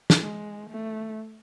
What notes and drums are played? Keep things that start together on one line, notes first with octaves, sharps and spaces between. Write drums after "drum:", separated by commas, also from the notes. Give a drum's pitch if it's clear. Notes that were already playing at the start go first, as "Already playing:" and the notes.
drum: snare
G#3
A3